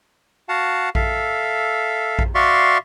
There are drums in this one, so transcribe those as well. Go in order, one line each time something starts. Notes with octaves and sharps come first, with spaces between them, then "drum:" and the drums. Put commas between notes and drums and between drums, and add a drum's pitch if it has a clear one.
F#4 F5 F#5 A5
A4 E5 F5, drum: kick A#1
drum: kick A#1
F#4 D5 E5 F5 C6 C#6